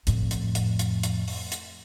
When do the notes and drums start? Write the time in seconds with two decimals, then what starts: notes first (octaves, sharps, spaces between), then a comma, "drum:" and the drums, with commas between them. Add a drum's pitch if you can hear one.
0.07 F2 A2, drum: hi-hat
0.31 drum: hi-hat
0.55 drum: hi-hat
0.79 drum: hi-hat
1.03 drum: hi-hat
1.28 drum: open hi-hat
1.52 drum: hi-hat